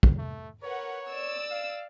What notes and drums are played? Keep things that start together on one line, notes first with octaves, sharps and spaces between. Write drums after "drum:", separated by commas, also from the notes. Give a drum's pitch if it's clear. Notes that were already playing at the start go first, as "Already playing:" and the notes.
drum: kick
A3
A#4 B4 C#5 F#5
D5 E6
F5